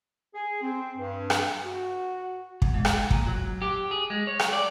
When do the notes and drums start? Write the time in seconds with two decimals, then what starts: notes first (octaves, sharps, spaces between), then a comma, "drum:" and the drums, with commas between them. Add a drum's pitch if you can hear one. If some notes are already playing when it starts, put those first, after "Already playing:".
0.35 G#4
0.61 C4
0.98 G2
1.30 drum: rim click
1.64 F#4
2.62 E2, drum: kick
2.74 G#2
2.85 drum: rim click
3.10 A#2, drum: kick
3.27 F#3
3.62 G4
3.91 G#4
4.10 G#3
4.27 C#5
4.39 drum: rim click
4.53 D5